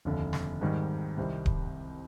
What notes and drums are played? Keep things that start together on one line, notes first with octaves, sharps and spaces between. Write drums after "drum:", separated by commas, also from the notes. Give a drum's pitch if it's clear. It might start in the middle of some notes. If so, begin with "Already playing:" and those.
F1 D#2 D3
drum: snare
G#2 D#3 G3
C2 C3 D#3 G3 C4
drum: kick D1